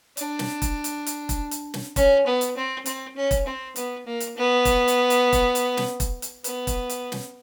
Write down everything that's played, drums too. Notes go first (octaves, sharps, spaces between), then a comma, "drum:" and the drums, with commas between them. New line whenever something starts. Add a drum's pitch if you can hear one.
D4, drum: hi-hat
drum: snare
drum: kick E1, hi-hat
drum: hi-hat
drum: hi-hat
drum: kick E1, hi-hat
drum: hi-hat
drum: snare
C#4, drum: kick E1, hi-hat
B3
drum: hi-hat
C4
C4, drum: hi-hat
C#4
drum: kick E1, hi-hat
C4
B3, drum: hi-hat
A#3
drum: hi-hat
B3
drum: kick E1, hi-hat
drum: hi-hat
drum: hi-hat
drum: kick E1, hi-hat
drum: hi-hat
drum: snare
drum: kick E1, hi-hat
drum: hi-hat
B3, drum: hi-hat
drum: kick E1, hi-hat
drum: hi-hat
drum: snare